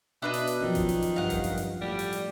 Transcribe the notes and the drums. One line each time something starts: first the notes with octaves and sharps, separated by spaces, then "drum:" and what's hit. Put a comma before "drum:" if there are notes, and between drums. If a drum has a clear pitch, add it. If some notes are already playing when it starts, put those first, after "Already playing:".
B2 D4 B4 D#5 E5
drum: hi-hat
drum: hi-hat
D#3 F3 F#3 C#4
drum: kick G#1, hi-hat
drum: hi-hat
drum: hi-hat
G2 F5 F#5
drum: kick G#1, hi-hat
drum: hi-hat
drum: hi-hat
A2 G3
drum: hi-hat
drum: hi-hat